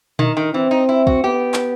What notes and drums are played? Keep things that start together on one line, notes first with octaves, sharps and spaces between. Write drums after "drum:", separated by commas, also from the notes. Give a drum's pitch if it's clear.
D#3 D#4, drum: tom A#2
D#3
E3 C4
D#4
E4
F#4, drum: kick A#1
B3 G4
drum: clap